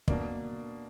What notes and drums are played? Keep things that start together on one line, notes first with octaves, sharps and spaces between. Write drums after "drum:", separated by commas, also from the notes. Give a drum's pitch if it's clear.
B2 A#3 D4, drum: kick